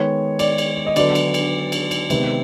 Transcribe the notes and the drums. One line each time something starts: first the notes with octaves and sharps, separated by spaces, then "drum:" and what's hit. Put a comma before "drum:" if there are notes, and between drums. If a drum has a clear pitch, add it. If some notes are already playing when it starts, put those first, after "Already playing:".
Already playing: D#3 G#3 B3 C#5
D5, drum: cymbal
drum: cymbal
D#5
D3 F#3 B3 D5, drum: cymbal
drum: cymbal
drum: cymbal
drum: cymbal
drum: cymbal
C3 D#3 G#3 B3, drum: cymbal